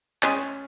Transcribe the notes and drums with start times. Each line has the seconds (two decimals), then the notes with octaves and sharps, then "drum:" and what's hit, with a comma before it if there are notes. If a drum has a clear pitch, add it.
0.23 G#3 C#4, drum: clap